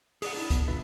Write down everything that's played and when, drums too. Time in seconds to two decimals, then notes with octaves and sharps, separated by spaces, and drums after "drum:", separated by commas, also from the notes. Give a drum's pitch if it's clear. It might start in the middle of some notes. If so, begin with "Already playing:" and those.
0.22 G#4 D5 F#5, drum: open hi-hat
0.34 D4 E4
0.50 B3, drum: kick, hi-hat
0.68 B2 D3 F4 B4 E5